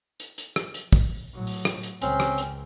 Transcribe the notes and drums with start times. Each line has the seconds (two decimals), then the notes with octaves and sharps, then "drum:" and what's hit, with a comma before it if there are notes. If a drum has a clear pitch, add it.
0.20 drum: hi-hat
0.38 drum: hi-hat
0.56 drum: rim click
0.74 drum: hi-hat
0.93 drum: kick, open hi-hat
1.34 A2 F#3
1.47 drum: open hi-hat
1.65 drum: rim click
1.83 drum: hi-hat
2.02 C#2 C4 C#4, drum: hi-hat
2.20 drum: rim click
2.38 drum: hi-hat